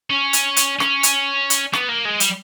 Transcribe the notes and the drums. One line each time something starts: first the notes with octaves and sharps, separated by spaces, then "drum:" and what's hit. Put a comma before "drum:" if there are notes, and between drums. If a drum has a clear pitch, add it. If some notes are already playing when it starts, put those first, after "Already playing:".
C#4
drum: hi-hat
drum: hi-hat
C#4, drum: rim click
drum: hi-hat
drum: hi-hat
B3, drum: rim click
A#3
G#3
G3, drum: hi-hat